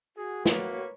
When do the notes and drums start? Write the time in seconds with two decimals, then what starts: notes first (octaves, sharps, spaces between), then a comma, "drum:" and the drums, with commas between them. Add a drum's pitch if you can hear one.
0.17 F#4 G#4
0.45 A#3 B4 C#5, drum: snare